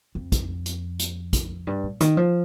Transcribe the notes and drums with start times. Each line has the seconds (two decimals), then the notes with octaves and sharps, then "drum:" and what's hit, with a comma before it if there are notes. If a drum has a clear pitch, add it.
0.15 F2
0.32 drum: kick A#1, hi-hat
0.66 drum: hi-hat
0.99 drum: hi-hat
1.33 drum: kick A#1, hi-hat
1.67 G2
1.84 A#2
2.01 D#3, drum: hi-hat
2.17 F3